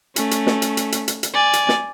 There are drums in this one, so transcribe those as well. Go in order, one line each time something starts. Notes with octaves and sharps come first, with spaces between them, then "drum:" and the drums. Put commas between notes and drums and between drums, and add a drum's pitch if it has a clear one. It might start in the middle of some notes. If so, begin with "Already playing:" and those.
A3 C#4, drum: hi-hat
drum: hi-hat
drum: snare
drum: hi-hat
drum: hi-hat
drum: hi-hat
drum: hi-hat
drum: hi-hat
D5 G#5
drum: hi-hat
drum: snare